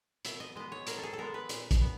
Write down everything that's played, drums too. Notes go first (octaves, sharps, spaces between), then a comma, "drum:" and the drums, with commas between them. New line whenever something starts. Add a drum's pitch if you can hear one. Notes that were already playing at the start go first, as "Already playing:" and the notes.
B2 E5, drum: hi-hat
D#5
G#3 B3 D#5
C#5
B2 A#4, drum: hi-hat
A4
G#4
A4
G#3 B3 A#4
B4
A#2, drum: hi-hat
drum: kick, hi-hat
B3